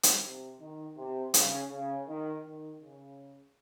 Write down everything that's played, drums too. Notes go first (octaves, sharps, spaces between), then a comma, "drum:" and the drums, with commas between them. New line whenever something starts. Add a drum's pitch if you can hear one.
drum: hi-hat
C3
D#3
C3
C#3, drum: hi-hat
C#3
D#3
D#3
C#3